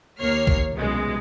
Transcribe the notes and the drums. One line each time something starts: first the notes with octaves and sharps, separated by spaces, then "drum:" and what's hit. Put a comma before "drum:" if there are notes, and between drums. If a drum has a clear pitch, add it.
D#2 A#3 C#5 F6 C7
drum: kick
C2 F#2 B2 G#3